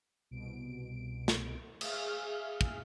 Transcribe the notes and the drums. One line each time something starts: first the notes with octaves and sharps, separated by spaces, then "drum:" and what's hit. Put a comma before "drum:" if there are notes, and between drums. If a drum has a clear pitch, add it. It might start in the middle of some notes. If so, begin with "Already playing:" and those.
C2 B2 D7
drum: snare
G#4 E5 F5 F6, drum: cymbal
drum: kick